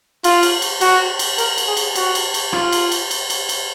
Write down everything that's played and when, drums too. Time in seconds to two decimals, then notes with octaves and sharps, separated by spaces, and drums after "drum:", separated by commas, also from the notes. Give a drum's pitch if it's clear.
0.24 F4, drum: cymbal
0.43 drum: cymbal
0.62 drum: cymbal
0.81 F#4, drum: cymbal
1.19 drum: cymbal
1.38 A#4, drum: cymbal
1.58 drum: cymbal
1.67 G#4
1.77 drum: cymbal
1.95 F#4, drum: cymbal
2.15 drum: cymbal
2.34 drum: cymbal
2.53 F4, drum: rim click
2.72 drum: cymbal
2.92 drum: cymbal
3.11 drum: cymbal
3.30 drum: cymbal
3.49 drum: cymbal